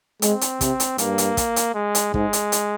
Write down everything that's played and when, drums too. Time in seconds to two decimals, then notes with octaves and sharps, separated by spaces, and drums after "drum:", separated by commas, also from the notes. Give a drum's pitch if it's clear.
0.22 G#3 C4, drum: hi-hat
0.41 drum: hi-hat
0.61 C3, drum: kick, hi-hat
0.80 drum: hi-hat
0.98 G2 A#3, drum: hi-hat
1.18 drum: hi-hat
1.37 drum: kick, hi-hat
1.56 drum: hi-hat
1.75 G#3
1.95 drum: hi-hat
2.14 G#2 G#3, drum: kick
2.33 drum: hi-hat
2.52 drum: hi-hat